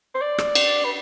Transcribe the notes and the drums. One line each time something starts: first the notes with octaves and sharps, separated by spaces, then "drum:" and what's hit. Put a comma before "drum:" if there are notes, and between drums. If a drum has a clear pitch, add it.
C5
D5
drum: rim click
drum: cymbal
B4